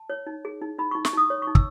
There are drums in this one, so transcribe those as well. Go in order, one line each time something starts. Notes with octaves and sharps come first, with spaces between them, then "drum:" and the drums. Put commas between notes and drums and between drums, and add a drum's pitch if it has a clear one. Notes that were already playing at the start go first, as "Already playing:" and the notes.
Already playing: A5
C#5
D#4
G#4
D#4
D#4 B5
D#4 C#6
C#6, drum: snare
D#4 D#6
C#5
C#6
D#4
E6, drum: kick